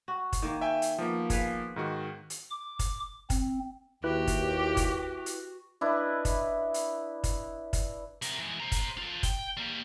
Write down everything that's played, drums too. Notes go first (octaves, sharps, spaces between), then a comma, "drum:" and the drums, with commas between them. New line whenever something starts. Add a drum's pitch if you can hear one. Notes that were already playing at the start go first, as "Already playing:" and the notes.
F#4
drum: kick, hi-hat
D#3 A#3
E5 G5 G#5
drum: hi-hat
F3 A#3 B3
G#4 B4 F5, drum: kick, hi-hat
G#2 D#3 F#4
drum: hi-hat
D6
drum: kick, hi-hat
C4, drum: kick, hi-hat
D#2 E4 F#4 G4 B4 F#6
drum: kick, hi-hat
drum: kick, hi-hat
drum: hi-hat
D4 E4 B4 D#5
drum: kick, hi-hat
drum: hi-hat
drum: kick, hi-hat
drum: kick, hi-hat
C3 A#4, drum: hi-hat
E3 G#3
C5 A#5
drum: kick, hi-hat
F4 A4
G5, drum: kick, hi-hat
G3 A#3